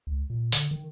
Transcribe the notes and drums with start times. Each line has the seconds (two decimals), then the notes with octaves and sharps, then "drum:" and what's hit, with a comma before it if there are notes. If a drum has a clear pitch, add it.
0.07 C#2
0.30 A#2
0.52 D3, drum: hi-hat
0.71 D#3